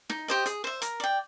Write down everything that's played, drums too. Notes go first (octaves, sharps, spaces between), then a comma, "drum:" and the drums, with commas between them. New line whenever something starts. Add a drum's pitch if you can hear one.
D#4, drum: snare
G4 C5 D#5
G#4, drum: hi-hat
C5 E5
A#4, drum: hi-hat
D5 G5